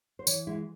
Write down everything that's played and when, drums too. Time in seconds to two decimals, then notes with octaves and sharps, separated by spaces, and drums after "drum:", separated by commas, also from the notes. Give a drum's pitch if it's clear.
0.19 C5
0.27 E3 C#5, drum: tambourine
0.47 G#3 E4